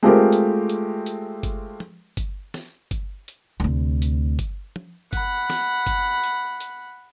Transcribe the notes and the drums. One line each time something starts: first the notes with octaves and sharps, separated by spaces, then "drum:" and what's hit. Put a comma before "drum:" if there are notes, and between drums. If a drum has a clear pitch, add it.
G#3 A3 C4 F4 G4 A#4
drum: hi-hat
drum: hi-hat
drum: hi-hat
drum: kick G1, hi-hat
drum: tom
drum: kick G1, hi-hat
drum: snare
drum: kick G1, hi-hat
drum: hi-hat
D2 C3
drum: hi-hat
drum: kick G1, hi-hat
drum: tom
F#5 B5, drum: kick G1, hi-hat
drum: snare
drum: kick G1, hi-hat
drum: hi-hat
drum: hi-hat